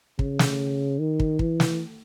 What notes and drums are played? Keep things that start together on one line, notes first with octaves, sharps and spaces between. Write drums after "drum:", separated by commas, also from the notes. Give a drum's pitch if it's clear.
C#3, drum: kick
drum: snare
D#3
drum: kick
E3, drum: kick
drum: snare